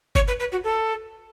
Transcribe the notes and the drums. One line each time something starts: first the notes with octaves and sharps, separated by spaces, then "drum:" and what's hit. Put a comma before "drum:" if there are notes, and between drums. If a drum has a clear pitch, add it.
C#5, drum: kick G1
B4
B4
F#4
A4